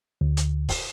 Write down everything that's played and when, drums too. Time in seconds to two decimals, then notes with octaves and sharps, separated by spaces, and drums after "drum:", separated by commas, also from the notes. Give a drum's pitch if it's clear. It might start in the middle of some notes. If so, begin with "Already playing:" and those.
0.21 D2
0.37 drum: hi-hat
0.69 drum: kick, open hi-hat